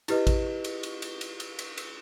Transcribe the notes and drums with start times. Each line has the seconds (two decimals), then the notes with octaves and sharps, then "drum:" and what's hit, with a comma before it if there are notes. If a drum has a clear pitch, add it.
0.08 E4 G4 B4 D#5, drum: cymbal
0.27 drum: kick A1, cymbal
0.64 drum: cymbal
0.83 drum: cymbal
1.02 drum: cymbal
1.21 drum: cymbal
1.40 drum: cymbal
1.59 drum: cymbal
1.78 drum: cymbal